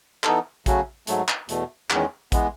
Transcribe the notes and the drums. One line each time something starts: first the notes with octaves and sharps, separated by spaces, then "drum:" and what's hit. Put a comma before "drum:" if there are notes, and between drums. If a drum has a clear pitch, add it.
E3 B3 D#4 A4, drum: clap
C#3 F#3 A3 C#4 F#4, drum: kick A1, hi-hat
G#2 F#3 A3, drum: hi-hat
drum: clap
E2 B2 A3, drum: hi-hat
E2 D#3 G#3 C#4, drum: clap
E3 G#3 B3, drum: kick A1, hi-hat